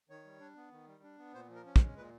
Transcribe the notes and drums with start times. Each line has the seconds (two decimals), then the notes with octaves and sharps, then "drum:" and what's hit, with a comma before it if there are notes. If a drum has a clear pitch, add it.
0.10 D#3 C#5
0.25 G3
0.40 D4
0.57 B3
0.72 D#3
0.87 G3
1.03 D4
1.18 B3
1.34 A#2 C5
1.49 F3
1.56 A#4
1.66 C#4
1.76 A#4, drum: kick
1.81 G#3
1.96 A#2 B4